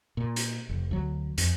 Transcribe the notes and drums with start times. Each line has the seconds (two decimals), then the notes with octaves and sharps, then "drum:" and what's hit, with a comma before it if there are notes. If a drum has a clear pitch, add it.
0.17 A#2
0.36 drum: hi-hat
0.69 F1
0.91 D2 F#3
1.38 F2, drum: hi-hat